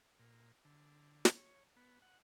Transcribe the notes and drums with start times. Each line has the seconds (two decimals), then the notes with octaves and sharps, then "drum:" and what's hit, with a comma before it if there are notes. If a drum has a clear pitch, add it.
0.19 A#2
0.65 D3
1.25 drum: snare
1.36 C#5
1.76 B3
2.02 F#5